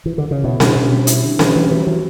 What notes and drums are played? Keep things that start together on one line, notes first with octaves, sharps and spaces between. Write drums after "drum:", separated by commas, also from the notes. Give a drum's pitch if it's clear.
E3
D3
C#3
B2 E4
B2 D3, drum: snare C4
B2 C#4
G3
E4, drum: hi-hat
D3
E3 C#4, drum: snare C4
E3 G3
E3 F#3
E3 F#3